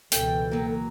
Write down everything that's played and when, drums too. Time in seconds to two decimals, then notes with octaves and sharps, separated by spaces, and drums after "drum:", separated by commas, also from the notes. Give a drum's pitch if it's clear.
0.12 C#2 B2 E3 A4 G5, drum: hi-hat
0.51 F#3 A#3